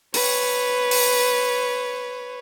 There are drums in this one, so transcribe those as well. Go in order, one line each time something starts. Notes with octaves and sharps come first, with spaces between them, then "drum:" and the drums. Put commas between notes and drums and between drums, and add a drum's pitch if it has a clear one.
B4 C#5, drum: open hi-hat
drum: open hi-hat